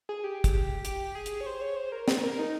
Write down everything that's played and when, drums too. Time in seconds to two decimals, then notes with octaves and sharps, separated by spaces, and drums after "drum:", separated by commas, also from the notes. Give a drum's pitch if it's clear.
0.09 G#4
0.24 G4
0.44 drum: kick, hi-hat
0.85 G4, drum: hi-hat
1.15 G#4
1.26 drum: hi-hat
1.41 C#5
1.46 C5
1.61 C#5
1.76 C5
1.92 A#4
2.08 drum: snare
2.23 A#4
2.39 D#4